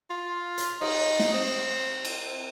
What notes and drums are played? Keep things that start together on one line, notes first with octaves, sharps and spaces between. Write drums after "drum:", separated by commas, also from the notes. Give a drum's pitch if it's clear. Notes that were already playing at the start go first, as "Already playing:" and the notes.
F4
drum: hi-hat
D#4, drum: cymbal
drum: snare
C4
drum: cymbal